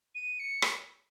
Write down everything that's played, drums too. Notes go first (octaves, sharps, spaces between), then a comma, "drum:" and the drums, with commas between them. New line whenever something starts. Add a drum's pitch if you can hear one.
D#7
C#7
drum: rim click